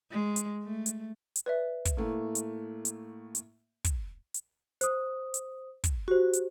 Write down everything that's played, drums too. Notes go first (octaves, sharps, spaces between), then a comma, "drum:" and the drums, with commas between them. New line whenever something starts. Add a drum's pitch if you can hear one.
G#3
drum: hi-hat
A3
drum: hi-hat
drum: hi-hat
B4 D5 E5
drum: kick, hi-hat
A2 A3 A#3
drum: hi-hat
drum: hi-hat
drum: hi-hat
drum: kick, hi-hat
drum: hi-hat
C5 D#6, drum: hi-hat
drum: hi-hat
drum: kick, hi-hat
F#4 G4 C5
drum: hi-hat